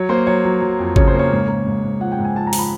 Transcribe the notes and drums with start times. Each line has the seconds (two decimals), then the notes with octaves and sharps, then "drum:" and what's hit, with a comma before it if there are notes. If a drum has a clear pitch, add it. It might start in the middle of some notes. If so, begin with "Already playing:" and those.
Already playing: F#3 C#5
0.09 A#3 C5
0.27 F#3 C#5
0.45 F#3
0.61 F#3
0.79 F2
0.96 C#3 C#5, drum: kick G#1
1.08 C5
1.14 A#3
1.19 C#5
1.31 G#2
1.48 A#3
1.66 G#2
1.83 G#2
2.00 F3 F#5
2.12 G5
2.18 G#2
2.25 G#5
2.36 F3 A5
2.47 A#5
2.53 F3, drum: open hi-hat
2.59 B5